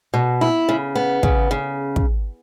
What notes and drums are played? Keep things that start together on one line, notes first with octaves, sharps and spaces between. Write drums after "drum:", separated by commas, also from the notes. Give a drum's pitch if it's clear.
B2
E4
C#3
B3
C#3, drum: kick
C#3
drum: kick